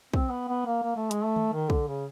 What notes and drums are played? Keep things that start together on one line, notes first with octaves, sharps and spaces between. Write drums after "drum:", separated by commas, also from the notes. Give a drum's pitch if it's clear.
C4, drum: kick
B3
B3
A#3
A#3
A3
G#3, drum: hi-hat
A3
drum: tom D#3
D#3
D3, drum: kick
C#3